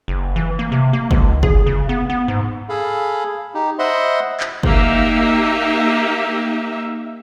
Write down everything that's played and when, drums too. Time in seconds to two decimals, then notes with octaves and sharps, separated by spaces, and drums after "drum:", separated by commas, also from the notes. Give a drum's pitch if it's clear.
0.08 F#1
0.36 E3
0.59 A#3
0.72 C3
0.93 A#3
1.11 C#2, drum: kick
1.43 G#4, drum: kick
1.66 C#3
1.89 B3
2.10 B3
2.28 G#2
2.69 G#4 A4 F5 B5
3.54 D#4 G4
3.79 C5 D#5 E5 F#5 B5 C6
4.40 drum: clap
4.63 A#3 D#4 G4 E5, drum: kick